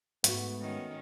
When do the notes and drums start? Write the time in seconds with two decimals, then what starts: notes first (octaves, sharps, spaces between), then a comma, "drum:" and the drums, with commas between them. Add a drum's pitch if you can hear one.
0.24 G#2 A3 B3 F#4, drum: hi-hat
0.62 D#3 C#4